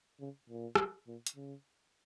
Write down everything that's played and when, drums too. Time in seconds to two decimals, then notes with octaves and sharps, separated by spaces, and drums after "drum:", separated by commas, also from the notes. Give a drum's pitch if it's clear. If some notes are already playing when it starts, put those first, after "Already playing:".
0.20 C#3
0.50 A#2
0.75 drum: rim click
1.07 A#2
1.27 drum: hi-hat
1.36 C#3